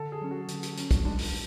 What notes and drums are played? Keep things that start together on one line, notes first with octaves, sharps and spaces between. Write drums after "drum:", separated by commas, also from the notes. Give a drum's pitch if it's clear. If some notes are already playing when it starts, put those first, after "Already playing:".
Already playing: D3 A4
G#4
F#3 C#4
F#4
D3, drum: hi-hat
drum: hi-hat
F#3 C#4, drum: hi-hat
drum: kick, hi-hat
G#3 D4
drum: open hi-hat